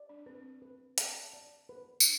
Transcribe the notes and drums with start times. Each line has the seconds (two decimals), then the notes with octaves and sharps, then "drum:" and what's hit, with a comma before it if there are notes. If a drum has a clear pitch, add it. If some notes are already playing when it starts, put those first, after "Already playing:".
Already playing: D5
0.09 D4
0.26 C4 B4
0.62 B4
0.98 A5, drum: hi-hat
1.33 D5
1.69 B4
2.00 D4, drum: tambourine